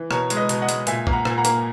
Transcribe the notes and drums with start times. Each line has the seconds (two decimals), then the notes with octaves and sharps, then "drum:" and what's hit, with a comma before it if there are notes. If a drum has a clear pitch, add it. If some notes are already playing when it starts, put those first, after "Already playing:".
Already playing: E3
0.11 B2 A#4 C#5, drum: rim click
0.30 G#3, drum: hi-hat
0.36 B4 D#5
0.49 B2, drum: hi-hat
0.62 D#5 F#5
0.69 G#3, drum: hi-hat
0.87 A#2 E5 G#5, drum: hi-hat
1.07 A#3, drum: kick A1
1.12 F#5 A#5
1.25 A#2, drum: rim click
1.38 F#5 A#5
1.45 A#3, drum: hi-hat